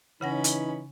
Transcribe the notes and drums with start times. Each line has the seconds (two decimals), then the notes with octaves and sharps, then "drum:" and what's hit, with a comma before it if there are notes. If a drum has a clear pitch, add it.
0.21 C#3 E3 C#4 D#4 F#5 B5 A#6
0.44 drum: hi-hat